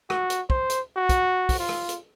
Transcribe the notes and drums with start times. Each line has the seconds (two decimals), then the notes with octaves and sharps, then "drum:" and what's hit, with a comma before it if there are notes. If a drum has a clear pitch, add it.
0.10 F#4, drum: rim click
0.30 drum: hi-hat
0.50 C5, drum: kick
0.70 drum: hi-hat
0.97 F#4
1.09 drum: kick, hi-hat
1.49 drum: kick, open hi-hat
1.59 F4
1.69 drum: rim click
1.89 drum: hi-hat